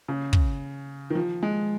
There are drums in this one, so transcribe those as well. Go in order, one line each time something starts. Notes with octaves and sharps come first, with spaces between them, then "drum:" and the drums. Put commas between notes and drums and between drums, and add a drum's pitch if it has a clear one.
C#3
drum: kick
D#3
F3
G#3